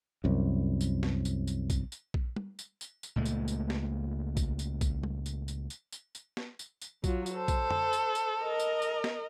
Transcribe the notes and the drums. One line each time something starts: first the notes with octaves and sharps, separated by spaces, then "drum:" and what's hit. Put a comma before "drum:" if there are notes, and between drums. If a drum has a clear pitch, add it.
C2 F#2
drum: tambourine
drum: snare
drum: tambourine
drum: tambourine
drum: kick A#1, tambourine
drum: tambourine
drum: kick A#1
drum: tom
drum: tambourine
drum: tambourine
drum: tambourine
C#2 A#2 G#3 A3
drum: tambourine
drum: tambourine
drum: snare
drum: kick A#1, tambourine
drum: tambourine
drum: kick A#1, tambourine
drum: tom
drum: tambourine
drum: tambourine
drum: tambourine
drum: tambourine
drum: tambourine
drum: snare
drum: tambourine
drum: tambourine
F#3 F4, drum: kick A#1, tambourine
drum: tambourine
A4 C5
drum: kick A#1, tambourine
drum: tom F2
drum: tambourine
drum: tambourine
A#4 D#5
drum: tambourine
drum: tambourine
drum: snare